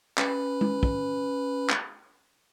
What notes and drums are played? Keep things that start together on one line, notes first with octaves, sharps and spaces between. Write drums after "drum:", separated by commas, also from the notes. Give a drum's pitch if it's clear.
C#4 B4 B5, drum: clap
drum: tom G#3
drum: kick
drum: clap